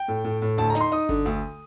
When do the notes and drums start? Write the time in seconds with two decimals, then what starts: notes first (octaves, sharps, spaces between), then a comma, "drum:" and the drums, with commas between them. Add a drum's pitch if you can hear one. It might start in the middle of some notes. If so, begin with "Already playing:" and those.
Already playing: G5
0.08 A2
0.24 A2
0.42 A2
0.58 D2 A5
0.70 A#5
0.75 D#4, drum: snare
0.81 C6
0.92 D#4 D#6
1.09 D3, drum: kick G1
1.26 D2